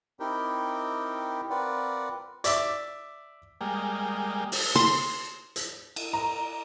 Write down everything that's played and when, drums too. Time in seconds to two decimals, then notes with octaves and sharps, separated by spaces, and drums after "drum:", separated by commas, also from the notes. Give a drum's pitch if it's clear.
0.20 C4 D#4 E4 G4 A#4 G5
1.50 C4 F4 A#4 B4 D5 F#5
2.44 D5 E5 D6, drum: hi-hat
3.61 G3 G#3 A#3
4.52 drum: open hi-hat
4.76 C6
5.56 drum: hi-hat
5.96 drum: cymbal
6.13 A#5